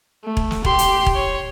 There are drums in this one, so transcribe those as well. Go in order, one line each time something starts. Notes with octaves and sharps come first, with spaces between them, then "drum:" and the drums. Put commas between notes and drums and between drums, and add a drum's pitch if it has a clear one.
A3
drum: kick E1
drum: snare
G4 C6, drum: kick E1
drum: hi-hat
drum: kick E1
C#5